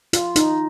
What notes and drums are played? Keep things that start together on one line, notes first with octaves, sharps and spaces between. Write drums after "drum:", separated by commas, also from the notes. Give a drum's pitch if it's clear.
F4, drum: hi-hat
D#4, drum: hi-hat